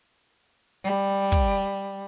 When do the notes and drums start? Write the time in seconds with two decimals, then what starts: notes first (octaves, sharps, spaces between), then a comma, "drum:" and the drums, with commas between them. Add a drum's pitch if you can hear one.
0.84 G3
1.32 drum: kick